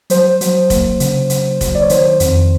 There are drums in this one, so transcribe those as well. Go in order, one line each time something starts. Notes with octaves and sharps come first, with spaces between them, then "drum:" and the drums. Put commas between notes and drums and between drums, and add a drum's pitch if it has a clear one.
F#3 C5, drum: hi-hat
F#3, drum: hi-hat
A#3, drum: kick F1, hi-hat
C#3, drum: hi-hat
C#3, drum: hi-hat
F#3, drum: kick F1, hi-hat
D5
C#5
D#3 C5, drum: hi-hat
F2, drum: hi-hat